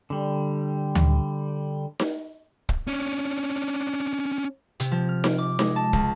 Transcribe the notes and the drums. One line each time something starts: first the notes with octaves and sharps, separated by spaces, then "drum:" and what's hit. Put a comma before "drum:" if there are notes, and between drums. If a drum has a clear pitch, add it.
D3 G3
drum: tom D2
drum: snare D#4
drum: kick
C#4 D4
C3, drum: hi-hat
F3
F6
D7, drum: snare D#4
D6
G#3, drum: snare D#4
A5
C#2, drum: kick